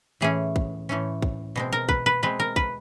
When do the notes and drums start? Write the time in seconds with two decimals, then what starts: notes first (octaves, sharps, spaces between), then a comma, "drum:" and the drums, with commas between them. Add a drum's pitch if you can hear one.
0.21 A2 E3 A3 C#4 G#4
0.56 drum: kick
0.89 A2 E3 A3 C#4
1.22 drum: kick
1.56 B2 G#3 C4
1.73 A#4
1.89 B4, drum: kick
2.06 B4
2.22 B2 G#3 C4 B4
2.40 A#4
2.56 B4, drum: kick